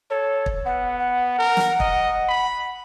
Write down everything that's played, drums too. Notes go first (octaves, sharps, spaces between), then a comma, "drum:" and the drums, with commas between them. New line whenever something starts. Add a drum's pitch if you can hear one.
A4 C#5
drum: kick
B3 F#5
F#5
A#4
drum: snare
D#5, drum: kick
B5